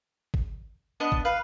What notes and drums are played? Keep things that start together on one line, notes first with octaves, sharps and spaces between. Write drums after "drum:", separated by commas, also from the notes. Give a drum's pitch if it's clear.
drum: kick
B3 D4 D#5
drum: kick
B4 F5